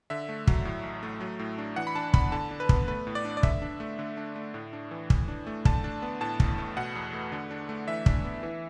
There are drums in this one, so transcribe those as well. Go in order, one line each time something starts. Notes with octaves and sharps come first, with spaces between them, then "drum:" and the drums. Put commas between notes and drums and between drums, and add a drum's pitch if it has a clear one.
D3 E5
A3
F#3, drum: kick
A2
A1
A3
F#3
A2
D4
E3 F#5
B5
D4 A5
B3 B5, drum: kick
D3 A5
D4
B4
B3, drum: kick
A3 B4
A2
D5
D4
D5
D3 E5, drum: kick
D4
A3
D3
D4
A3
A2
D4
E3
A2, drum: kick
D4
A3
D3 A5, drum: kick
D4
B3
A2 A5
A1, drum: kick
A3
B2 F#5
E2
A3
D3
D4
A3
E3 E5
D4, drum: kick
B3
E3